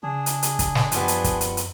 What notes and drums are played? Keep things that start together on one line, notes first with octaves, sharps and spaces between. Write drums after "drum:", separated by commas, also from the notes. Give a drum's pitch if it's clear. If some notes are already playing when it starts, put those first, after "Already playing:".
C#3 D4 G#4
drum: hi-hat
drum: hi-hat
drum: kick, hi-hat
drum: snare
F#2 F3 G3 B3, drum: hi-hat
drum: hi-hat
drum: kick, hi-hat
drum: hi-hat
drum: hi-hat